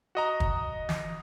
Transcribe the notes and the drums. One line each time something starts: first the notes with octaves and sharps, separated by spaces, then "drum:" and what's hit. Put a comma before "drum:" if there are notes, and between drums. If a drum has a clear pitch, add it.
F#4 D#5 A#5
drum: kick
drum: snare